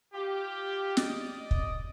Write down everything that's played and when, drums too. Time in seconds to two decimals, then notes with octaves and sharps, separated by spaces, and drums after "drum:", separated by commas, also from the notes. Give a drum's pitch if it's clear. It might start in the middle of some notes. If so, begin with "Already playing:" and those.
0.14 F4 G4
0.97 D5 D#5, drum: snare
1.51 drum: kick